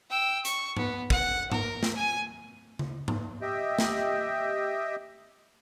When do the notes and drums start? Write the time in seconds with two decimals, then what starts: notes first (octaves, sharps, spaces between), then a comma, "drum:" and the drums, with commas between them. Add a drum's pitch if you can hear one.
0.10 G5 E6
0.45 C#6, drum: hi-hat
0.77 B3, drum: tom G#2
1.10 F#5, drum: kick
1.52 A#4, drum: tom G#2
1.83 drum: snare
1.96 G#5
2.79 drum: tom C#3
3.08 drum: tom G#2
3.42 G4 D#5 E5 G5
3.79 drum: snare